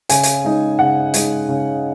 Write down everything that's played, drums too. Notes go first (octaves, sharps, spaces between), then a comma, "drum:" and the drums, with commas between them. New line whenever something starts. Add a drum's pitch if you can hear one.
C#3 G#5, drum: hi-hat
drum: hi-hat
G#3 D#4
C#3 F#5
G#3 D#4, drum: hi-hat
C#3